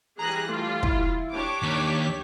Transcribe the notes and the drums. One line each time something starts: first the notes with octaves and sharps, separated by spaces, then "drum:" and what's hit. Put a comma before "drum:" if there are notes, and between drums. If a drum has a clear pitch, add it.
E3 G3 G#4 A#5 F#6 A#6
A3 F4
E4, drum: kick
D4 G4 C#5 D6
D#2 B6